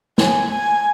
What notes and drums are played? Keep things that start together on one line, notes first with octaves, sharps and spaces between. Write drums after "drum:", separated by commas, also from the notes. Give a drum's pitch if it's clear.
G#5, drum: snare
G#5